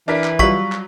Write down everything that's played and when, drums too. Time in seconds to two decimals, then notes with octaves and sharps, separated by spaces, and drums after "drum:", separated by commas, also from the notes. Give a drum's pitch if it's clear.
0.08 E3 D4 A#4 B6
0.24 drum: clap
0.39 F#3 G3 F4 F#4 C#6 B6, drum: kick
0.72 drum: clap